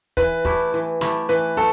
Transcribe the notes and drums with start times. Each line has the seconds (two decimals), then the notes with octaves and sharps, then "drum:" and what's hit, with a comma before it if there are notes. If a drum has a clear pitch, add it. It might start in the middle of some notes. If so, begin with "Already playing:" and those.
0.17 E3 B4, drum: kick
0.45 A3 E4 G4, drum: kick
0.74 E3
1.01 A3 E4 G4, drum: snare
1.29 E3 B4
1.57 A3 A4